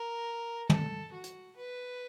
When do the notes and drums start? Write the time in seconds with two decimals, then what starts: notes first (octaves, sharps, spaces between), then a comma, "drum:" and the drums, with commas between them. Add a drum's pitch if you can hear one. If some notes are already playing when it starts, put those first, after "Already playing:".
Already playing: A#4
0.69 A4, drum: tom
1.13 F#4
1.24 drum: hi-hat
1.56 B4